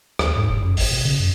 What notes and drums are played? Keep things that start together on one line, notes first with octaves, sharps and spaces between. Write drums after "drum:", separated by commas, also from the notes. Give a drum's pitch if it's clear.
D#2, drum: rim click
G#2
F1
F#2
A1, drum: open hi-hat
B2
C#3
F#2